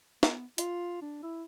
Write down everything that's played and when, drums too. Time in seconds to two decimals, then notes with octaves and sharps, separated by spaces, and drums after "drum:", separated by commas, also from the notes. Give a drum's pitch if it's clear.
0.23 B3, drum: snare
0.58 F4, drum: hi-hat
1.02 D4
1.23 E4